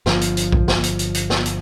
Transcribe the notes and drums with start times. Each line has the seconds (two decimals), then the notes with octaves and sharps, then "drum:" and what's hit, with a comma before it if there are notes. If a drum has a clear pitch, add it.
0.06 G1 F3, drum: snare
0.21 drum: hi-hat
0.37 drum: hi-hat
0.52 drum: kick A#1
0.68 drum: snare
0.83 drum: hi-hat
0.99 drum: hi-hat
1.15 drum: hi-hat
1.30 drum: snare
1.46 drum: hi-hat